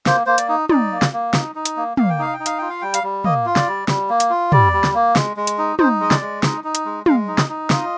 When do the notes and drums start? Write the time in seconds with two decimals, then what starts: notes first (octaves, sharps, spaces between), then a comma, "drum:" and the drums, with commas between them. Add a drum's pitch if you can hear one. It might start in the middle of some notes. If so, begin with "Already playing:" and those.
0.06 A#3 C5, drum: snare
0.26 A#3 C5
0.38 D5, drum: hi-hat
0.49 D#4
0.69 D#4 D5, drum: tom
0.92 A#3
1.02 drum: snare
1.13 A#3
1.34 D#4, drum: snare
1.55 D#4
1.66 drum: hi-hat
1.77 A#3
1.97 A#3 F5, drum: tom
2.10 G5
2.19 D#4 F5
2.34 G5
2.40 D#4
2.46 F5, drum: hi-hat
2.58 F4 G5
2.70 F5
2.82 G3 G5
2.94 F5, drum: hi-hat
3.03 G3
3.24 A#3 D#5, drum: tom
3.46 F4
3.56 D5, drum: snare
3.67 G3
3.88 G3, drum: snare
4.10 A#3
4.20 drum: hi-hat
4.30 F4
4.52 G3 D5, drum: tom
4.73 G3
4.84 drum: snare
4.94 A#3
5.16 G#3, drum: snare
5.37 G#3
5.47 drum: hi-hat
5.58 D#4
5.79 D#4 C5, drum: tom
6.00 G#3 D#5
6.11 D5, drum: snare
6.21 G#3
6.43 D#4, drum: snare
6.64 D#4
6.75 drum: hi-hat
6.85 G#3
7.06 G#3 F5, drum: tom
7.28 D#4
7.38 D#5, drum: snare
7.49 D#4
7.70 F4 D#5, drum: snare